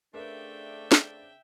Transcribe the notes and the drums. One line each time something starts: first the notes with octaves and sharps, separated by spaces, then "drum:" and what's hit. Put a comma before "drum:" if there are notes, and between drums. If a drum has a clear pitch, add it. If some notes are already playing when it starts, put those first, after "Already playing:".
C#3 A3 C4 D4 A#4 B4 E5 G5
drum: snare